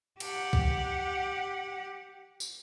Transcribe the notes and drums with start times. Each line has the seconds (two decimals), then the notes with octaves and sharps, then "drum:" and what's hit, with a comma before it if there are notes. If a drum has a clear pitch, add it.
0.20 G4 F#5, drum: cymbal
0.53 drum: kick B1
2.40 drum: tambourine